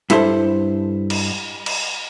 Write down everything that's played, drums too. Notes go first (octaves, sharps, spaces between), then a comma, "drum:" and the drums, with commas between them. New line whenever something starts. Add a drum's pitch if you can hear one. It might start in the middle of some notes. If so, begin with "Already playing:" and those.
G2 E4 A4 C5, drum: hi-hat
drum: cymbal
drum: cymbal